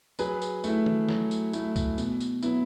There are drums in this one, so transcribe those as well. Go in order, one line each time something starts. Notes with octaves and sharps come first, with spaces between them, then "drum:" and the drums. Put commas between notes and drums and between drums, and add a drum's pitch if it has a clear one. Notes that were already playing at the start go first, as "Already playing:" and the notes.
F#3 G#4 B4, drum: tambourine
drum: tambourine
A3 E4, drum: tambourine
drum: tom D#3
F#3, drum: snare
drum: tambourine
A3 E4, drum: tambourine
drum: kick C#2, tambourine
B2, drum: tambourine
drum: tambourine
F#3 B3 E4, drum: tambourine